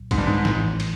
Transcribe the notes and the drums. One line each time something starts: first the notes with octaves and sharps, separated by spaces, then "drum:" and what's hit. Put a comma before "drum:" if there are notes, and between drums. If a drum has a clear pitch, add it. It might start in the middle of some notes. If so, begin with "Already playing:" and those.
Already playing: C2 A#2 F#3
G#2, drum: kick, cymbal
G2
G#2
A1 A2 E3, drum: snare
drum: cymbal